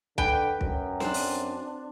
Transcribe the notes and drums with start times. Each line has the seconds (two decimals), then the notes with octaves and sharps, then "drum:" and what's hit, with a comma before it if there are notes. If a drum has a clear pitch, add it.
0.18 D3 B4 G5, drum: kick
0.61 F#2, drum: kick
1.00 C4 D4, drum: snare
1.14 drum: open hi-hat